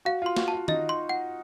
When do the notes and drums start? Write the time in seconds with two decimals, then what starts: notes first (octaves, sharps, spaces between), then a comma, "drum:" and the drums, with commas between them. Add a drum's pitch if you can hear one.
0.05 F#4 F5
0.22 F4 C6
0.37 F#4, drum: snare
0.48 A5
0.53 F4
0.68 D#4 D#5, drum: tom D#3
0.89 C6
1.09 F#5